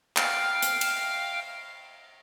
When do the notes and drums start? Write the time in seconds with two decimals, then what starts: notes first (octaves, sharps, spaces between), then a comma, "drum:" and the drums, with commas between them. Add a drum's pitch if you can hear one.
0.17 F5 G5 F6, drum: clap
0.62 drum: hi-hat
0.81 drum: cymbal